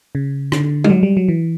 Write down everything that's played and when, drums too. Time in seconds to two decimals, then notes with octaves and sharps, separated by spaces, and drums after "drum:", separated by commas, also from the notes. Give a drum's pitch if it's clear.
0.15 C#3
0.52 D3, drum: rim click
0.84 G3, drum: tom G#3
0.90 F#3
1.03 G3
1.17 F#3
1.28 E3